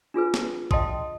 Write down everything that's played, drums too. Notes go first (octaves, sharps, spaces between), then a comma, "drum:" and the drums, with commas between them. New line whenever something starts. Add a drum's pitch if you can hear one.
D4 F4 G#4 B4
drum: snare
D#5 F5 G5 A5 C6 D#6, drum: kick A1